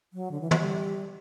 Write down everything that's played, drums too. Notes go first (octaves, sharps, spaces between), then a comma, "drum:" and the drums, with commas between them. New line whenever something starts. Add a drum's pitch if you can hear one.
F#3
D3
E3
F#3, drum: tom
G3